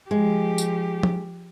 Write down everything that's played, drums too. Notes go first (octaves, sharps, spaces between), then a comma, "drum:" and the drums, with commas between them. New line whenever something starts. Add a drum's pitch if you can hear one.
F3 G#3 G4
drum: tambourine
drum: tom F3